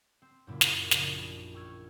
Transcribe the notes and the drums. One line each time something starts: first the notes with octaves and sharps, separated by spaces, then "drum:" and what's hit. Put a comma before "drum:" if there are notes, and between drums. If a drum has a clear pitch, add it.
C4
F#2 A#2 C#3 A#3 E4
drum: snare
A#1 C#3 D5 D#6, drum: snare
G5 C#6 E6 F6 G#6